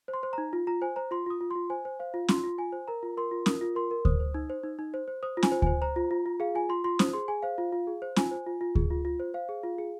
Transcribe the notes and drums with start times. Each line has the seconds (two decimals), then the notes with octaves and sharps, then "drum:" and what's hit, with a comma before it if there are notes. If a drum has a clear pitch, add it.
0.08 C5
0.14 C6
0.23 C5
0.33 D#4 A#5
0.53 F4
0.67 F4 A#5
0.82 C5 G#5
0.96 C5 A#5
1.11 F4 C6
1.26 F4 D#6
1.41 F4
1.51 F4 C6
1.70 C5 G#5
1.85 C5
1.99 C5 F5
2.14 F4
2.28 F4 C6, drum: snare C#4
2.44 F4
2.58 F4 G#5
2.72 C5
2.88 A#4 A#5
3.03 F4
3.17 A#4 C6
3.31 F4
3.46 A#4 D#6, drum: snare C#4
3.61 F4
3.75 A#4 C6
3.91 A#4
4.05 C5 D#6, drum: kick D2
4.20 C5
4.34 D#4
4.50 C5
4.63 D#4
4.79 D#4
4.94 C5
5.08 C5
5.23 C5 D#6
5.37 F4
5.43 G#5, drum: snare C#4
5.52 C5
5.62 C5 G#5, drum: kick D2
5.82 C5 A#5
5.96 F4
6.11 F4
6.26 F4
6.40 G#4 F5
6.55 F4 G#5
6.69 F4 C6
6.84 F4 C6
6.99 C5 D#6, drum: snare C#4
7.13 G#4 C6
7.28 G#4 G#5
7.43 C5 F5
7.58 F4
7.72 F4
7.87 G#4
8.02 C5
8.16 F4 G#5, drum: snare C#4
8.31 C5
8.47 F4
8.61 F4
8.75 G#4, drum: kick D2
8.90 F4
9.05 F4
9.20 C5
9.34 C5 F5
9.49 G#4
9.64 F4
9.78 G#4